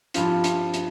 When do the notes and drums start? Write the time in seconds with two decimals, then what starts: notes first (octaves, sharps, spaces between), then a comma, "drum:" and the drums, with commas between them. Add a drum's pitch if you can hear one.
0.14 G2 F3 C4 F4, drum: hi-hat
0.44 drum: hi-hat
0.74 drum: hi-hat